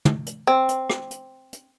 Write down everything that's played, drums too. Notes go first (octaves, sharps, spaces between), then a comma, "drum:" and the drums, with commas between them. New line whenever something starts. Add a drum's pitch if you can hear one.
drum: tom
drum: hi-hat
C4
drum: hi-hat
drum: rim click
drum: hi-hat
drum: hi-hat